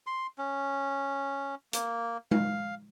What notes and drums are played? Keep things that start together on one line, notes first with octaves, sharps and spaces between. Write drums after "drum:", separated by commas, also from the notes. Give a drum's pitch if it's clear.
C6
C#4
A#3, drum: hi-hat
F5, drum: tom G#3